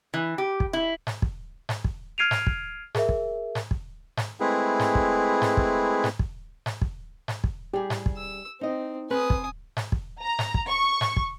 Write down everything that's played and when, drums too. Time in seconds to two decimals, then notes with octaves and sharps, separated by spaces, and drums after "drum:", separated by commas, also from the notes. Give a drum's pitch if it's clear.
0.14 E3
0.38 G4
0.60 drum: kick
0.73 E4
1.07 drum: snare G#2
1.22 drum: kick
1.69 drum: snare G#2
1.84 drum: kick
2.18 F6 G#6 C7 D7 D#7 F7
2.31 drum: snare G#2
2.47 drum: kick
2.95 G#4 A#4 E5, drum: snare G#2
3.09 drum: kick
3.55 drum: snare G#2
3.71 drum: kick
4.17 drum: snare G#2
4.40 G#3 A3 C4 E4 G#4 B4
4.80 drum: snare G#2
4.95 drum: kick
5.42 drum: snare G#2
5.57 drum: kick
6.04 drum: snare G#2
6.19 drum: kick
6.66 drum: snare G#2
6.82 drum: kick
7.28 drum: snare G#2
7.44 drum: kick
7.74 G3 G4 G#4
7.90 drum: snare G#2
8.06 drum: kick
8.16 E6
8.61 C4 D#4 D#5
9.10 C4 B4 G#5 D#6
9.30 drum: kick
9.77 drum: snare G#2
9.92 drum: kick
10.24 A#5
10.39 drum: snare G#2
10.54 drum: kick
10.68 C#6
11.01 drum: snare G#2
11.16 drum: kick